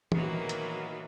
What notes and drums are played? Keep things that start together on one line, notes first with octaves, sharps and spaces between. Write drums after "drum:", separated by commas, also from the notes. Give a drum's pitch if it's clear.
A#2 D#3 E3 F#3 A#3 B3, drum: tom
drum: hi-hat